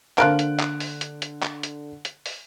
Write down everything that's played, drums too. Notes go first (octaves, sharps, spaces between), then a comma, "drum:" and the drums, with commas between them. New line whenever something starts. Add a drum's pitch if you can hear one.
D3 F3 A#3 F4 F#6 D7, drum: clap
drum: hi-hat
drum: clap
drum: open hi-hat
drum: hi-hat
drum: hi-hat
drum: clap
drum: hi-hat
drum: hi-hat
drum: open hi-hat